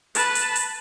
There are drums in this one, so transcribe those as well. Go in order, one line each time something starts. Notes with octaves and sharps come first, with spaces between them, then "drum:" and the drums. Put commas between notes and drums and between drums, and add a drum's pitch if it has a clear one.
B4 A5, drum: hi-hat
drum: hi-hat
drum: hi-hat